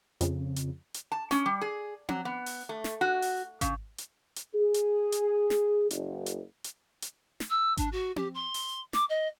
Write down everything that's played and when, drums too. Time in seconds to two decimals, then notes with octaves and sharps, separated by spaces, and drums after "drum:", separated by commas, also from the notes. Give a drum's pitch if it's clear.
0.21 F2 C#3, drum: hi-hat
0.56 drum: hi-hat
0.94 drum: hi-hat
1.12 A5
1.31 C#4, drum: snare
1.46 G3
1.61 G#4
2.09 F#3, drum: tom C4
2.25 B3
2.46 drum: open hi-hat
2.69 A3
2.84 drum: snare
3.01 F#4
3.22 drum: open hi-hat
3.61 C#3, drum: kick G#1, hi-hat
3.98 drum: hi-hat
4.36 drum: hi-hat
4.54 G#4
4.74 drum: hi-hat
5.12 drum: hi-hat
5.50 drum: snare
5.90 F#1, drum: hi-hat
6.26 drum: hi-hat
6.64 drum: hi-hat
7.02 drum: hi-hat
7.40 drum: snare
7.50 E6
7.77 D4, drum: kick G#1, hi-hat
7.92 F#4
8.16 G4, drum: tom C4
8.34 C6
8.54 drum: open hi-hat
8.93 D6, drum: snare
9.09 D#5